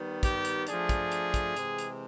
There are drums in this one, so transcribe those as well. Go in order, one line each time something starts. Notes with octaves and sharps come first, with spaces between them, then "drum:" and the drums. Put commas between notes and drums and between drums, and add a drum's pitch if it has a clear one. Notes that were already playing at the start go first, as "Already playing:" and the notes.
Already playing: D#3 G3 B3
G4, drum: kick, hi-hat
drum: hi-hat
F3 A3 D4 G#4, drum: hi-hat
drum: kick, hi-hat
drum: hi-hat
drum: kick, hi-hat
C3 E3 G#3 C4, drum: hi-hat
drum: hi-hat